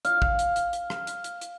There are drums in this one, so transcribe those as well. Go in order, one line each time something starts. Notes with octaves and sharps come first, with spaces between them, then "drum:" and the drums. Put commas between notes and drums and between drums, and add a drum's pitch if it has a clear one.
F5, drum: hi-hat
drum: kick
drum: hi-hat
drum: hi-hat
drum: hi-hat
drum: rim click
drum: hi-hat
drum: hi-hat
drum: hi-hat